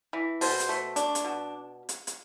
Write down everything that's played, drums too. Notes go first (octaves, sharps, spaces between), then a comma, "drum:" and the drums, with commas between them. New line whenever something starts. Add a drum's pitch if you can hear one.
E3
B2 C5, drum: open hi-hat
drum: hi-hat
A3
D4, drum: hi-hat
drum: hi-hat
B2
drum: hi-hat
drum: hi-hat